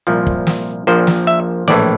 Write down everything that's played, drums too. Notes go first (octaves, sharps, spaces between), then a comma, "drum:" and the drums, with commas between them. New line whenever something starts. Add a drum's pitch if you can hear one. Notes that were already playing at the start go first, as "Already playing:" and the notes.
C2 A#2 F3
drum: kick
drum: snare
A#1 A#2 F3 C5
drum: snare
E5
A#1 A2 E3 D5, drum: snare